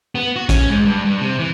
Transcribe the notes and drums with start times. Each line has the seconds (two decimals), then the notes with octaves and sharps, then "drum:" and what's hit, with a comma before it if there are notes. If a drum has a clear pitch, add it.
0.15 B3
0.36 F#4
0.49 C#4, drum: kick, hi-hat
0.70 G#2
0.85 G2
1.05 G2
1.21 C3
1.39 E3